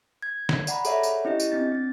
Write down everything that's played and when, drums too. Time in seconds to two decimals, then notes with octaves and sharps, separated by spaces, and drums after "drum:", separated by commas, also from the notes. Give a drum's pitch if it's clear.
0.22 G#6
0.49 drum: snare
0.67 D5 F#5 A#5 B5, drum: tambourine
0.85 G#4 A4 C#5 D5 E5 F#5, drum: tambourine
1.03 drum: tambourine
1.25 C#4 E4 G4 D#5
1.40 drum: tambourine
1.52 C4 D4 A6
1.72 C4 A6